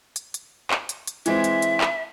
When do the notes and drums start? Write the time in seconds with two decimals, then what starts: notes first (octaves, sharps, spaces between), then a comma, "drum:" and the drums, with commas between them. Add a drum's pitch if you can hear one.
0.16 drum: hi-hat
0.34 drum: hi-hat
0.71 drum: clap
0.89 drum: hi-hat
1.07 drum: hi-hat
1.26 E3 G#3 C4 E5, drum: hi-hat
1.44 drum: hi-hat
1.62 drum: hi-hat
1.81 drum: clap